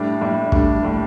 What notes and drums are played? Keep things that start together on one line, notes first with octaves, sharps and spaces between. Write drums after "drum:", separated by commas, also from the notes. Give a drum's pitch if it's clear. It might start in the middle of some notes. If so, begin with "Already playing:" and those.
Already playing: A2 G3 D4
A2 G3 D4
A2 G3 D4, drum: kick
A2 G3 D4